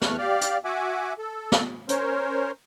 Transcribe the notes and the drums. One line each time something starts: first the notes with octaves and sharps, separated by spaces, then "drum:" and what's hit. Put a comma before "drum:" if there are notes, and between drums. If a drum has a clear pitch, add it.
E2 A3 C#6 F6 F#6, drum: snare
G4 D5 F5
drum: hi-hat
F#4 E5 F#5 G#5 D6
A4
drum: snare
C#4 A#4 C5 C#5, drum: hi-hat